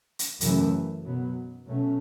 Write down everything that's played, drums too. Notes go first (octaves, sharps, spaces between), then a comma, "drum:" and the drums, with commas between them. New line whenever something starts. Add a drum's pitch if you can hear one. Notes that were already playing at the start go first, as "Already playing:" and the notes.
drum: hi-hat
F#2 C#3 E3 A3, drum: hi-hat
B2 F#3 B3
B2 F#3 A3 C#4